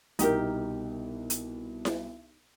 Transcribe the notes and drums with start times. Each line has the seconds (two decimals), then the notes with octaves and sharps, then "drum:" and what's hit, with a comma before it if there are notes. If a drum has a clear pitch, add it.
0.19 C2 B2 D#4 G4 A#4, drum: hi-hat
1.30 drum: hi-hat
1.85 drum: snare E4